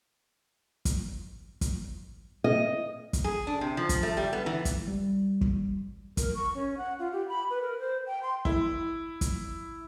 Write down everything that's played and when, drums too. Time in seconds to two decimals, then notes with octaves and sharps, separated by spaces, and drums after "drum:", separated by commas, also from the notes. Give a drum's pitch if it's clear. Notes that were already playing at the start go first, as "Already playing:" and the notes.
0.85 drum: kick, hi-hat
1.61 drum: kick, hi-hat
2.44 D#5
3.13 drum: kick, hi-hat
3.24 G#4
3.47 D4
3.61 C3
3.77 F3
3.89 drum: kick, hi-hat
4.03 A3
4.17 G3
4.33 B3
4.46 E3
4.65 drum: kick, hi-hat
4.88 G3
5.41 drum: kick
6.17 A#4, drum: kick, hi-hat
6.35 C#6
6.55 C#4
6.78 F#5
6.99 F4
7.13 G4
7.28 B5
7.50 B4
7.62 A#4
7.79 C5
8.07 G5
8.23 C6
8.45 E4, drum: kick
9.21 drum: kick, hi-hat